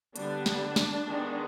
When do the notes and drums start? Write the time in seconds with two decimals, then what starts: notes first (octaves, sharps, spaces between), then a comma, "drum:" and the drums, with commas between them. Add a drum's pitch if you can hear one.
0.16 D3 G3 B3 D4, drum: hi-hat
0.46 drum: snare
0.76 drum: snare
1.07 D#3 G#3 B3